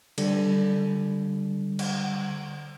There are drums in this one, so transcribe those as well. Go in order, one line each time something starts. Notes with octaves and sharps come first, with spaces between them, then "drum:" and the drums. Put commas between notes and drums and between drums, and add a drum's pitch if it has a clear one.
D3 G3, drum: cymbal
drum: cymbal